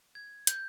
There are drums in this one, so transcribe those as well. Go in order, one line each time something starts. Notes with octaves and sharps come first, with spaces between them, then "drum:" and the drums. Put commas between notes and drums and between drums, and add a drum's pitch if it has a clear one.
G#6
G6, drum: hi-hat